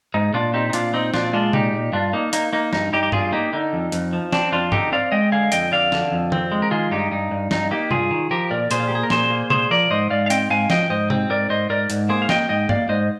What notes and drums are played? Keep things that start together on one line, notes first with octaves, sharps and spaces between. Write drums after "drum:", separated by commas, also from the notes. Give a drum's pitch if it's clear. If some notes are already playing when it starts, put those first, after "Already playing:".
G#2 D#4
A#2 D4 F4
C4 D#4 G4
D#4
A#2 D4 F4, drum: hi-hat
C4 D#4
A#2 D4 F4, drum: snare
G#3 D4 F4
A#2 D#4 G4, drum: tom C3
A#2
G2 D4 F4
A#3 D#4
A#3 D#4, drum: hi-hat
A#3 D#4
G2 D#4, drum: snare
G2 D#4 G4
G4
G2 F4 G#4, drum: tom G2
A#3 D#4 G4
D3 D#4
F2
F2, drum: hi-hat
F3
C4 D4, drum: snare
F2 D4 F4
D3 D#4 G4, drum: tom G2
C4 D5 F5
G#3 D#5 G5
D3 F5 G#5
F2 D#5 G5, drum: hi-hat
D3 D5 F5
D3, drum: snare
F2
C4, drum: tom D#3
G#3
A#4
D#3 F4 G#4
G2 D#4 G4
G2 D#4
G2
G2 D#4, drum: snare
A#3 D#4 G4
G2 F4 G#4, drum: tom C3
D#3
F3 G4 A#4
A#2 A#4 D5
A#2 G#4 C5, drum: hi-hat
F4
G4
A#3 G#4
A#4
A#2 G#4 C5, drum: snare
A#3
A#2 G#4 C5, drum: tom C3
F3 A#4 D5
G#2 C5 D#5
G#2 D5 F5
F5
C4 D#5 G5, drum: hi-hat
G#2 F5 G#5
F3 D#5 G5, drum: snare
G#2 C5 D#5
C4, drum: tom C3
G#2 A#4 D5
G#2 C5 D#5
G#2 A#4 D5
G#2, drum: hi-hat
A#3 G#4 C5
F5
A#3 D#5 G5, drum: snare
G#2 D#5 G5
A#3 D5 F5, drum: tom G2
G#2 C5 D#5